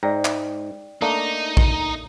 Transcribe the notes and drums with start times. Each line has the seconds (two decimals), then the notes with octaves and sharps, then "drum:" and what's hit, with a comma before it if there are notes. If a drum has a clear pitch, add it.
0.03 G#2 D5 G5 A#5
0.25 drum: clap
1.02 A3 A#3 D4 D#4
1.57 drum: kick A#1